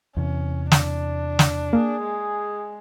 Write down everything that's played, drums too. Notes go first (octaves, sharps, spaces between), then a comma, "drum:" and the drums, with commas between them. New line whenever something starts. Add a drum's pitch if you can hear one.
E2 C3 C#4
D4, drum: snare
drum: snare
A#3 G#4
G#3